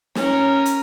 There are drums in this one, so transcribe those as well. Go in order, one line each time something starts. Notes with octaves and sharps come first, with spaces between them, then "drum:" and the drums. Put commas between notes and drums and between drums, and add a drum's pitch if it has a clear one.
C#4 A#4, drum: snare
drum: hi-hat